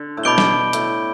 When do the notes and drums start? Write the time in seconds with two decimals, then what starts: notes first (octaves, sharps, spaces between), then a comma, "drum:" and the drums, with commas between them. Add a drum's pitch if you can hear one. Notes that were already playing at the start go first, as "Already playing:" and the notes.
Already playing: D3
0.17 A2
0.24 B2 B5 D6 G6 D7 G7
0.38 drum: snare
0.73 A2, drum: hi-hat